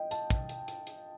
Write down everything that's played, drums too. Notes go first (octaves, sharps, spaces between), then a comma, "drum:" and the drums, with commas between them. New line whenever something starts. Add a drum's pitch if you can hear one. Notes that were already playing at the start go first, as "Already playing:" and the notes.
Already playing: D#5 G5
A5, drum: hi-hat
drum: kick, hi-hat
drum: hi-hat
drum: hi-hat
drum: hi-hat